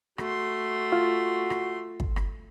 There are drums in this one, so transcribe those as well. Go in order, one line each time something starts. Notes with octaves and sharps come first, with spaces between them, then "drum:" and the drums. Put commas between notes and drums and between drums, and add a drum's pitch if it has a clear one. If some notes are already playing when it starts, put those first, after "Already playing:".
A3 F#4 C6, drum: rim click
F4
drum: rim click
drum: kick
drum: rim click